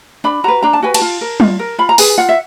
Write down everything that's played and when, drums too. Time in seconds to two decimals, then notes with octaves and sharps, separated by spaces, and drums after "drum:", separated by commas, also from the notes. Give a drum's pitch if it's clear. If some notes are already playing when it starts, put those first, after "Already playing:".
0.24 D4 B5
0.44 F#4 B4 A#5
0.62 D4 A#5
0.73 A5
0.82 F#4 B4 G#5
0.94 A5, drum: cymbal
1.02 F4
1.21 A#4
1.40 F4, drum: tom F#3
1.59 A#4
1.78 F4 B5
1.89 A#5
1.98 G#4 B4 G#5, drum: open hi-hat
2.18 F4 F#5
2.29 E5